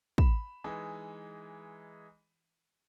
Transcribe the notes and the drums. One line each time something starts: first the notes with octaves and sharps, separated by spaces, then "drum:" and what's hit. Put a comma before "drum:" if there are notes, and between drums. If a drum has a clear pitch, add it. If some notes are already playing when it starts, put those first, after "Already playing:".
B5 E7, drum: kick
E3 G#3 D#4 G#4